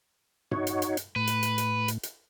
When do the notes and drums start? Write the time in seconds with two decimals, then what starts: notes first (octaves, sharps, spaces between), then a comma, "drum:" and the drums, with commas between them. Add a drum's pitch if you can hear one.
0.51 D#4 F#4 C#5, drum: tom G2
0.67 drum: hi-hat
0.82 drum: hi-hat
0.97 drum: hi-hat
1.16 A2 B4
1.27 drum: hi-hat
1.43 drum: hi-hat
1.58 drum: hi-hat
1.88 drum: hi-hat
2.03 drum: hi-hat